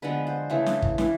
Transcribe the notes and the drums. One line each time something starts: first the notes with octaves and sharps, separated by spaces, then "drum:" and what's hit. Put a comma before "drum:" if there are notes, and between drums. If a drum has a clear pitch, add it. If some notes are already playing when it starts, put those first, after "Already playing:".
D3 F3 G#3 B3 B4
C5
C#3 E3 A3
drum: snare
drum: kick
E3, drum: snare